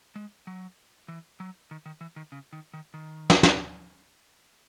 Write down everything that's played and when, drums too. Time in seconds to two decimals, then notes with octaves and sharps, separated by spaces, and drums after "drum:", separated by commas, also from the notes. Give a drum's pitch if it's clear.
0.16 G#3
0.47 F#3
1.08 E3
1.40 F#3
1.71 D#3
1.86 D#3
2.01 E3
2.16 D#3
2.32 C#3
2.53 D#3
2.74 D#3
2.94 D#3
3.30 drum: snare
3.43 drum: snare